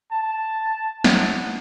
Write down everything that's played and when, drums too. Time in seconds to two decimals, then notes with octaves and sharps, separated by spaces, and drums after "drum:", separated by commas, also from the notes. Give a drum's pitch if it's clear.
0.11 A5
1.04 F#5, drum: snare